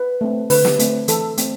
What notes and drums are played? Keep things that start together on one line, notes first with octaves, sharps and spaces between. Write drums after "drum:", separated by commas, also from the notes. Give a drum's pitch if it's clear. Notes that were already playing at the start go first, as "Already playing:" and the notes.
Already playing: B4
A3 C4
D3 B4, drum: open hi-hat
drum: snare
A3 C4, drum: hi-hat
E3 A4, drum: hi-hat
A3 C4, drum: hi-hat